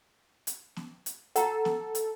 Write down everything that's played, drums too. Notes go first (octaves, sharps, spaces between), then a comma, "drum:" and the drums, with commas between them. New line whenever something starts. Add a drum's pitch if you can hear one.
drum: hi-hat
drum: snare B3
drum: hi-hat
A4 F#5 A#5, drum: hi-hat
drum: snare B3
drum: hi-hat